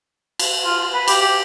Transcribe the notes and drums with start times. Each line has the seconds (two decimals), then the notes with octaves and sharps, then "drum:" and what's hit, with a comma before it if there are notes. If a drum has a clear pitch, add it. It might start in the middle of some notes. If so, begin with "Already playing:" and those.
0.39 drum: cymbal
0.65 F4
0.79 F4
0.93 B4
1.08 G4, drum: cymbal
1.21 G4